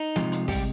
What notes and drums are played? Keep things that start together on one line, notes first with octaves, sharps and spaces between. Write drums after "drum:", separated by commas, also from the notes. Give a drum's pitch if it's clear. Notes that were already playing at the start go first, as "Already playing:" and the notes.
Already playing: D#4
C3 F3 G#3, drum: snare
drum: hi-hat
G3 G4, drum: kick, open hi-hat